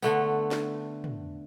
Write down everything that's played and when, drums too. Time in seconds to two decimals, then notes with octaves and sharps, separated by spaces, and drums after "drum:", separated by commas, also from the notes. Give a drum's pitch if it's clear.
0.02 D3 A3 B3, drum: tambourine
0.51 drum: snare
1.04 drum: tom